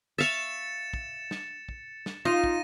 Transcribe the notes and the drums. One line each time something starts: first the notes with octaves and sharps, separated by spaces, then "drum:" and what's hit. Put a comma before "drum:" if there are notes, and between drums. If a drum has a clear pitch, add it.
E5 F5 C#6 A6 C#7 E7
drum: kick
drum: snare
drum: kick
drum: snare
D#4 F4 A#6 D#7
drum: kick